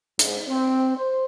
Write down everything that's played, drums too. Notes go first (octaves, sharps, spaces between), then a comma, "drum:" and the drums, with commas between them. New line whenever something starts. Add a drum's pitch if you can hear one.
G#2, drum: hi-hat
C4
C5